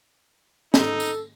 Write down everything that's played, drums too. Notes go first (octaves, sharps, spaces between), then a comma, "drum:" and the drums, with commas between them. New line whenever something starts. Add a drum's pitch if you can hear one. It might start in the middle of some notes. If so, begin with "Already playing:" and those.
D#4 A4, drum: snare
drum: tambourine